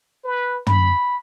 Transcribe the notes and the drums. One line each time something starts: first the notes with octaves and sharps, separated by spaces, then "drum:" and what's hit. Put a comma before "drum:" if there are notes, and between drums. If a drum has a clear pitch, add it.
B4
B5, drum: tom